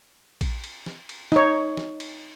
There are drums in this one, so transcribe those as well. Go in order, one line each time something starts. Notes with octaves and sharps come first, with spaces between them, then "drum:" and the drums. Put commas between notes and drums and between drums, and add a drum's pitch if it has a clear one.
drum: kick A#1, cymbal
drum: cymbal
drum: snare
drum: cymbal
D#4 C#5, drum: snare
drum: snare
drum: cymbal